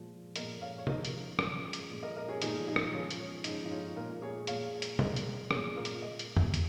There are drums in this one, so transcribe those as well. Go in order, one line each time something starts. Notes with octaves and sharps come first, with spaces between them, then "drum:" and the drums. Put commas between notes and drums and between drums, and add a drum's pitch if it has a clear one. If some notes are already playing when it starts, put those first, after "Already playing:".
Already playing: A#2 F3 G#3
A#2 F3 G#3 A#4 D#5, drum: hi-hat
C#5 F5
C#5
C#3 F3 G#3 A#4 D#5, drum: tom C3
drum: hi-hat
C#3 F3 G#3, drum: rim click
drum: hi-hat
A#2 F3 G#3
A#4 D#5
A#4 D#5
G#4 C#5
A#2 F3 G#3 D#4 G#4, drum: hi-hat
D#4 G#4
drum: rim click
C#3 F3 G#3 C#4 F4
drum: hi-hat
C#4
C#3 F3 G#3 D#4, drum: hi-hat
D#4
C#4 F4
A#2 G#3 F4 A#4
G#4 C#5
A#2 G#3 C#5 F5, drum: hi-hat
drum: hi-hat
A#2 G#3 A#4 D#5, drum: tom B2
drum: hi-hat
A#2 G#3 G#4 C#5, drum: rim click
F4 A#4
drum: hi-hat
C#3 G#3 A#4 D#5
drum: hi-hat
drum: tom E2
drum: hi-hat